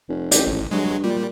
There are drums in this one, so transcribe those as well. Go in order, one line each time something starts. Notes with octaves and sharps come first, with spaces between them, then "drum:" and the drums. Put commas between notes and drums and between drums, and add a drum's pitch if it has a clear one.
F1
A1 G4, drum: hi-hat
G#1
G2 F#3 G#3
A#2 G3